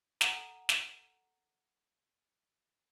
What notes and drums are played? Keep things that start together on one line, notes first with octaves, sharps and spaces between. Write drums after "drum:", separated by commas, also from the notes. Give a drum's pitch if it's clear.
A4 F#5 G#5 A#5, drum: snare
drum: snare